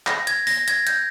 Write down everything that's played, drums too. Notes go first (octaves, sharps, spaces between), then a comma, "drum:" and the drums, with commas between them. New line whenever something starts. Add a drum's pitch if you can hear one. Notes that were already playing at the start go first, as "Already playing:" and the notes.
A#6, drum: clap
G#6, drum: hi-hat
A#6, drum: open hi-hat
G#6, drum: hi-hat
G6, drum: hi-hat